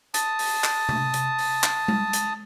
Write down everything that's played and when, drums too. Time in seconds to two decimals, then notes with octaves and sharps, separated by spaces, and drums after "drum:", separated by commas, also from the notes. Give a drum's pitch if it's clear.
0.14 A5 D#6, drum: hi-hat
0.39 drum: open hi-hat
0.64 drum: clap
0.89 drum: tom C3
1.14 drum: hi-hat
1.39 drum: open hi-hat
1.63 drum: clap
1.88 drum: tom G#3
2.13 drum: hi-hat